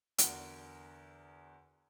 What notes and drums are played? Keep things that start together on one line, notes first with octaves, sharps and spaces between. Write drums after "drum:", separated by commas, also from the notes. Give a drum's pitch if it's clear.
E2 D3 F#4 A#4 F#5 D7, drum: hi-hat